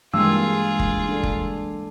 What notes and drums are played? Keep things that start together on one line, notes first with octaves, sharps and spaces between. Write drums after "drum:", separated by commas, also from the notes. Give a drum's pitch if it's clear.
G2 E3 G#3 A#3 F4 G#4 E6
drum: kick G1
D4 A4
drum: kick G1